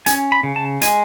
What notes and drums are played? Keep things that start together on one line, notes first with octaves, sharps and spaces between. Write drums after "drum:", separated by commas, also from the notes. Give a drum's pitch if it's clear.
C#4 G#5, drum: hi-hat
B5
C#3
A5
G#3 G#5, drum: hi-hat